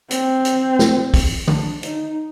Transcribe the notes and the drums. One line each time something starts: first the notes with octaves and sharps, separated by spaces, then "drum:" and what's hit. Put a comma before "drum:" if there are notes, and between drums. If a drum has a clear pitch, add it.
C4, drum: hi-hat
drum: hi-hat
drum: snare
drum: kick, open hi-hat
D4, drum: tom
D#4, drum: hi-hat